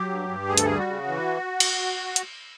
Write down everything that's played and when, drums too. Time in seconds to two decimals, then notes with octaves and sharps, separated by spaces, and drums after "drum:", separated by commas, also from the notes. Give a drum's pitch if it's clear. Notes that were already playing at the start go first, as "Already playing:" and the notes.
Already playing: F#3 G4
0.09 G2
0.28 G2
0.48 D2 G#4
0.58 A4, drum: hi-hat
0.65 G3 G#4
0.79 F#4
0.88 C#3
1.08 E3
1.60 drum: cymbal
2.16 drum: hi-hat